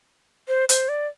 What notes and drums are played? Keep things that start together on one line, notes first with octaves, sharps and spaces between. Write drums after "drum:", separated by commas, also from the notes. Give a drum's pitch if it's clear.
C5
C5, drum: hi-hat
D5